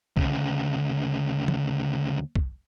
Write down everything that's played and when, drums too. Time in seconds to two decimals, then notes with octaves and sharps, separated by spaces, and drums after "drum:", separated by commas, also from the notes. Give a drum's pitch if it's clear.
0.17 D2 C#3, drum: kick
1.48 drum: tom
2.35 drum: kick